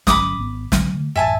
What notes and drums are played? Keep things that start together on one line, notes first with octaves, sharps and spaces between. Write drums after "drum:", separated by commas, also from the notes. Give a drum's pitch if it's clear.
G1 F#3 C#4 B5 D6 D#6, drum: snare
G#1 B3
D3 F#3 C4, drum: snare
D3 A3
A1 F#2 E5 G#5 A5